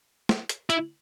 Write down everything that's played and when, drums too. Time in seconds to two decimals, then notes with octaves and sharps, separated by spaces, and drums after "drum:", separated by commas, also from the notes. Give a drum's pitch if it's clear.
0.29 drum: snare
0.49 drum: hi-hat
0.70 E4, drum: hi-hat